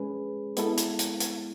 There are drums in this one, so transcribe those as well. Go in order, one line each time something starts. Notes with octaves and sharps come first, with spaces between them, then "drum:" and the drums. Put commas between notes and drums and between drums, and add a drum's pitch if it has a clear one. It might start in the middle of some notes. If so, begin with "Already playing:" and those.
Already playing: G#3 C#4 G#4 B4
G#3 B3 E4 A4, drum: hi-hat
drum: hi-hat
drum: hi-hat
drum: hi-hat